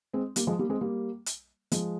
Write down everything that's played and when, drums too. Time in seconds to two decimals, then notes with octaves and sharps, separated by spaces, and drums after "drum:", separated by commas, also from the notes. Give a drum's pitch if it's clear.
0.13 G#3 C4
0.36 G3 A#3, drum: hi-hat
0.47 F3 G#3
0.59 G3 A#3
0.70 G#3 C4
0.81 G3 A#3
1.26 drum: hi-hat
1.71 F3 G#3, drum: hi-hat